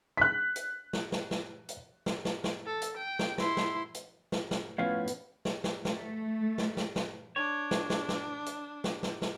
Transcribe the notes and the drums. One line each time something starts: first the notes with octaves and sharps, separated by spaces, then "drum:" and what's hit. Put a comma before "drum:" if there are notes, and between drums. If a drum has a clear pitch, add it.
F#6 B6
drum: hi-hat
drum: snare
drum: snare
drum: snare
drum: hi-hat
drum: snare
drum: snare
drum: snare
A4
drum: hi-hat
G5
drum: snare
E4 C6, drum: snare
drum: snare
drum: hi-hat
drum: snare
drum: snare
A2 F3 B3 C#4 F5
drum: hi-hat
drum: snare
drum: snare
A3, drum: snare
drum: snare
drum: snare
drum: snare
D4 C#5
drum: snare
drum: snare
drum: snare
drum: hi-hat
drum: snare
drum: snare
drum: snare